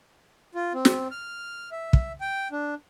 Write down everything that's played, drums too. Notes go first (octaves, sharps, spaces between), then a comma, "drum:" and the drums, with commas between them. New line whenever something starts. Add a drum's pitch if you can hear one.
F4
C4
drum: snare
F6
E5
drum: kick
G5
D4